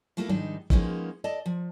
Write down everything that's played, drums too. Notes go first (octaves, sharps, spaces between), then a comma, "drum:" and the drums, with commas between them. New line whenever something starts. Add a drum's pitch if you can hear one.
G3 A3 A#3 E4 F4 A4
G#2 D#3 G3 D4 D#4, drum: tom F3
F3 G#3 A#3 B3 C#4 D#4, drum: kick G#1
A4 D5 D#5 A5
F3